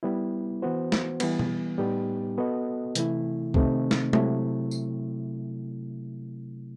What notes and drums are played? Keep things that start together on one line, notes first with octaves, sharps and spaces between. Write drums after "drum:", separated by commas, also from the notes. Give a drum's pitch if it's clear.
G3 B3 E4
E3 B3 F#4 C5
drum: snare
E3 G3 B3, drum: cymbal
drum: tom B2
A2 G3 B3 D#4 G4
B3 F#4 A4 D#5
C3 E3 A3 E4, drum: hi-hat
C3 D#3 A3 C4 D#4, drum: kick
drum: snare
C3 F#3 A3 E4, drum: tom G#3
drum: tambourine